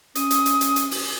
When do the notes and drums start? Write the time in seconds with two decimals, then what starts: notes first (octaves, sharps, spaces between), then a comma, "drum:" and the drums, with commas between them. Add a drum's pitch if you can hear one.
0.15 C#4 D#6, drum: hi-hat
0.31 drum: hi-hat
0.46 drum: hi-hat
0.61 drum: hi-hat
0.76 drum: hi-hat
0.91 drum: open hi-hat